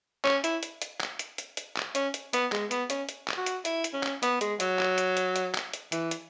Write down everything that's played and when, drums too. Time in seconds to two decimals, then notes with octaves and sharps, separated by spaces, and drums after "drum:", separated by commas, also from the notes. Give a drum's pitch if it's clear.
0.24 C#4, drum: clap
0.44 E4, drum: hi-hat
0.63 drum: hi-hat
0.82 drum: hi-hat
1.00 drum: clap
1.19 drum: hi-hat
1.38 drum: hi-hat
1.57 drum: hi-hat
1.76 drum: clap
1.95 C#4, drum: hi-hat
2.14 drum: hi-hat
2.33 B3, drum: hi-hat
2.52 G#3, drum: clap
2.71 B3, drum: hi-hat
2.90 C#4, drum: hi-hat
3.09 drum: hi-hat
3.28 drum: clap
3.37 F#4
3.46 drum: hi-hat
3.65 E4, drum: hi-hat
3.84 drum: hi-hat
3.94 C#4
4.03 drum: clap
4.23 B3, drum: hi-hat
4.41 G#3, drum: hi-hat
4.60 F#3, drum: hi-hat
4.79 drum: clap
4.98 drum: hi-hat
5.17 drum: hi-hat
5.36 drum: hi-hat
5.55 drum: clap
5.73 drum: hi-hat
5.92 E3, drum: hi-hat
6.11 drum: hi-hat